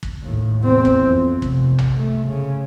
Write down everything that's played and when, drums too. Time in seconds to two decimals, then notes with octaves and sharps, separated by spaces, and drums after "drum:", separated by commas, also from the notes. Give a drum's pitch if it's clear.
0.03 drum: kick
0.22 D#2 A2
0.61 E2 C4
0.85 drum: kick
1.05 F2
1.42 F1, drum: kick
1.78 drum: tom A#1
1.97 A3
2.28 C#3